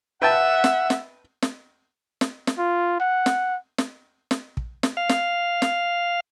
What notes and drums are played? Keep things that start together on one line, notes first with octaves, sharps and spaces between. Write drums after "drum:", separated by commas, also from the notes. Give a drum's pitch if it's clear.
B4 E5 F#5 G5 A5
drum: snare
drum: snare
drum: snare
drum: snare
drum: snare
F4
F#5
drum: snare
drum: snare
drum: snare
drum: kick
drum: snare
F5
drum: snare
drum: snare